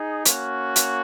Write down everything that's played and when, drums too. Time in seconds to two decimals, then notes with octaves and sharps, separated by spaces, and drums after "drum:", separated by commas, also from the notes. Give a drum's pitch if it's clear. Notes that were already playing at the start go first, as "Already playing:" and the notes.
Already playing: D#4 G#4
0.25 A#3 C#4 F#4, drum: hi-hat
0.76 drum: hi-hat